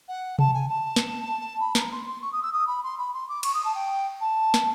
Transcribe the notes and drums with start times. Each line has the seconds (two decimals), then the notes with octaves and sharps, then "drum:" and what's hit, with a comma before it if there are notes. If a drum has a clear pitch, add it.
0.08 F#5
0.39 A5, drum: tom C3
0.53 G#5
0.68 A5
0.96 drum: snare
1.60 B5
1.75 A#5, drum: snare
1.91 C6
2.07 C6
2.21 C#6
2.32 D#6
2.42 E6
2.52 D#6
2.67 B5
2.83 C6
2.98 B5
3.13 C6
3.28 D6
3.43 C#6, drum: cymbal
3.54 D#6
3.64 A5
3.74 G5
4.20 A5
4.54 drum: snare